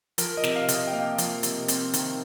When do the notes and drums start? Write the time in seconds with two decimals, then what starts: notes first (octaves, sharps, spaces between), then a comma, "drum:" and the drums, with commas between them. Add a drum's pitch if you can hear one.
0.18 F3 A#4, drum: hi-hat
0.37 D#5
0.44 C3, drum: snare
0.56 F5
0.68 C3, drum: hi-hat
0.74 D#5
0.87 G5
0.93 A#3 F5
1.18 F3, drum: hi-hat
1.43 C3, drum: hi-hat
1.68 C4, drum: hi-hat
1.93 D#3, drum: hi-hat